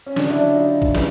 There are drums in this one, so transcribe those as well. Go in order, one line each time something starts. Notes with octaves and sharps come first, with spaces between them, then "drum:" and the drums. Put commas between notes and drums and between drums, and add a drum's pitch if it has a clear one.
C#4
D3 F#3 D4, drum: snare
D4 E4
D#4 F4
drum: kick
C#3 E3 G3, drum: snare